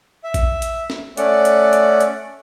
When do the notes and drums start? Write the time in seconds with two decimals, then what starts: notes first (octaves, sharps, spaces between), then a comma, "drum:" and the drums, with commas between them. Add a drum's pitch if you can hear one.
0.24 E5
0.34 drum: kick A#1, hi-hat
0.62 drum: hi-hat
0.90 drum: snare
1.17 A3 C#4 D5 F#5, drum: hi-hat
1.45 drum: hi-hat
1.73 drum: hi-hat
2.01 drum: hi-hat